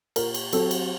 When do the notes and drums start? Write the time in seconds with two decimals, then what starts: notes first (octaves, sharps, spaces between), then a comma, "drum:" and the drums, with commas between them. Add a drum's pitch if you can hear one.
0.16 A#2 A#4, drum: cymbal
0.34 drum: cymbal
0.53 F#3 C4 A4, drum: cymbal
0.71 drum: cymbal